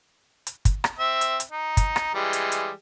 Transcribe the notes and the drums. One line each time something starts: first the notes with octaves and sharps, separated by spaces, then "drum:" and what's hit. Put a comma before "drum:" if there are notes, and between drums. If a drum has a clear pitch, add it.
drum: hi-hat
drum: kick, hi-hat
drum: rim click
C4 E5
drum: hi-hat
drum: hi-hat
D#4
drum: kick, hi-hat
drum: rim click
E3 G3 G#3
drum: hi-hat
drum: hi-hat